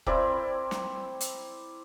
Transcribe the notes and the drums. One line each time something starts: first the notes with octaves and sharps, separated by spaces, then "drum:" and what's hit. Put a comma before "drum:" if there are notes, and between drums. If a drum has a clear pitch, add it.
C4 E4 A#4 D5, drum: kick
drum: snare
drum: hi-hat